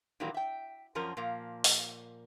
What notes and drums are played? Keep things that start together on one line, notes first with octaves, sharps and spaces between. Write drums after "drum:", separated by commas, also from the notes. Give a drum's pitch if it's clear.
A#2 D#3 E3 F#3 G3 A#3
E5 G5
F#2 F3 C#4 A#4
A#2 F3 A#3
drum: open hi-hat